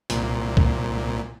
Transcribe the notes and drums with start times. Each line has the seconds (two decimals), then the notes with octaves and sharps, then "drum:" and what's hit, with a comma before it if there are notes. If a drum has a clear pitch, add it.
0.10 C2 A#2, drum: hi-hat
0.57 drum: kick